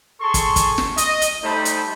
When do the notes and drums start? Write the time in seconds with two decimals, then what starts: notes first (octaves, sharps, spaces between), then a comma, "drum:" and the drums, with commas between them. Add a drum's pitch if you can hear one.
0.21 G#4 A4 A5 C6 C#6
0.34 drum: kick, hi-hat
0.56 drum: kick, hi-hat
0.78 drum: snare
0.98 D#5, drum: hi-hat
1.22 drum: hi-hat
1.43 G3 A3 D#4 C5 A5 B5
1.65 drum: hi-hat